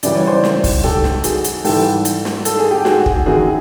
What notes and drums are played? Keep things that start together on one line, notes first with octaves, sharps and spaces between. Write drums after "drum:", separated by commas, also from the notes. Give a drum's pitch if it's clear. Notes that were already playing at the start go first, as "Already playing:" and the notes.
F#2 C#3 E3 G3 D5, drum: hi-hat
C#5
C5 D5
drum: snare
drum: kick, open hi-hat
G4 A4, drum: tom
drum: snare
F#4 G#4, drum: hi-hat
drum: hi-hat
G#2 E3 G3 G4 A4, drum: open hi-hat
drum: hi-hat
drum: snare
A4, drum: hi-hat
G#4
G4
F#4 G#4, drum: snare
drum: kick
F#2 D#3 F#3 F#4 G#4